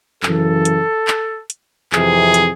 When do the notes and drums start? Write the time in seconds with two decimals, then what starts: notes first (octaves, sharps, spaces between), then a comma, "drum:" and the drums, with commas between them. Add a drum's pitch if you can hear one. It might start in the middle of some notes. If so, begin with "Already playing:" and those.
0.23 F#2 C#3 E3 A4, drum: clap
0.65 drum: hi-hat
1.08 drum: clap
1.50 drum: hi-hat
1.92 F2 C3 E3 G#4, drum: clap
2.34 drum: hi-hat